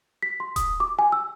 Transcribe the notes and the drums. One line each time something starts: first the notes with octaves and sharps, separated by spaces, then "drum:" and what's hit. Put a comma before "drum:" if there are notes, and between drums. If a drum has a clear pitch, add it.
B6
C6
D#6, drum: kick D#1, hi-hat
D6
G#5
E6